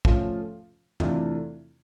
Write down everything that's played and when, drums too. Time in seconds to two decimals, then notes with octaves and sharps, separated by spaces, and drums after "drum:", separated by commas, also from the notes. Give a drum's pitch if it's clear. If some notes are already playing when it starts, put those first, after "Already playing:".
0.05 F3 A3 C#4 F4, drum: kick
1.00 C3 E3 A3 D4 F4, drum: tom